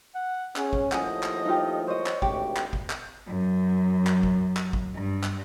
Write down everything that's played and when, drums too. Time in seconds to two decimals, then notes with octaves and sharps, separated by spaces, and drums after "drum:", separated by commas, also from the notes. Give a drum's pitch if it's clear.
0.15 F#5
0.56 C#4 G#4, drum: clap
0.73 drum: kick G#1
0.92 D#2 A2 F3 D#5 F#5 G#5, drum: clap
1.23 drum: clap
1.46 D#4 F4 G4
1.87 C5 C#5 D#5
2.06 drum: clap
2.22 G#1 D2 G4 G5, drum: kick G#1
2.56 drum: clap
2.73 drum: kick G#1
2.90 drum: clap
3.27 F#2
4.07 drum: clap
4.23 drum: kick G#1
4.57 drum: clap
4.73 drum: kick G#1
4.94 G2
5.23 drum: clap